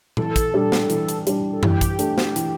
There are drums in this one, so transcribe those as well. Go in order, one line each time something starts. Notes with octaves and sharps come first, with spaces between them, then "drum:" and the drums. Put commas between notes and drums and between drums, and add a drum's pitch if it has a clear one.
E3 A4, drum: tom A#2
drum: kick, hi-hat
G3 D4
drum: snare
E3, drum: hi-hat
drum: hi-hat
G3 D4, drum: hi-hat
A4
E3 G4, drum: tom F#2
drum: kick, hi-hat
A3 D4, drum: hi-hat
drum: snare
E3, drum: hi-hat